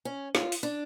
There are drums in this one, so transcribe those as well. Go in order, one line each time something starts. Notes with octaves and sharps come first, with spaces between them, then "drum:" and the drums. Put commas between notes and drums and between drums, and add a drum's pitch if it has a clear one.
C#4
F4, drum: snare
drum: open hi-hat
D4